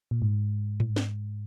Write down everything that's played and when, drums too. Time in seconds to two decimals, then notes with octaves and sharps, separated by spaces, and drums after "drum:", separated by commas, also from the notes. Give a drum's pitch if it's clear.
0.11 A#2
0.22 G#2
0.80 drum: tom G#2
0.96 drum: snare